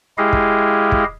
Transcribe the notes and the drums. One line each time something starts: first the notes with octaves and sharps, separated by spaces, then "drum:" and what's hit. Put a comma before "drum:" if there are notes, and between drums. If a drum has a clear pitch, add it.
G#3 E4 G4 G#4 D#5 F5
drum: kick
drum: kick